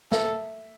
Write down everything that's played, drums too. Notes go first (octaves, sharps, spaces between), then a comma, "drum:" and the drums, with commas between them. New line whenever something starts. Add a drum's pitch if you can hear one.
A4 E5, drum: snare